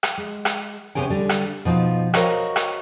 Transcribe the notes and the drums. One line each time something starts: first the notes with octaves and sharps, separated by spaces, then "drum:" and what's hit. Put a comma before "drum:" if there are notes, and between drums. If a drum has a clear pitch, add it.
drum: rim click
G#3
drum: rim click
C3 B3 C#4 G#4 G5
D3 G3
drum: rim click
B2 F3 D#4 F4
F#4 A#4 C5 C#5 D#5 F5, drum: rim click
drum: rim click